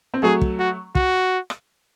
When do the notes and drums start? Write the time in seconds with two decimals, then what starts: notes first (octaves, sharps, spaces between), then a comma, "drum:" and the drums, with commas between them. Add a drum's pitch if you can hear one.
0.14 C4
0.23 F#3 A3 G#4
0.41 drum: kick
0.59 F#4
0.95 F#4, drum: kick
1.50 drum: rim click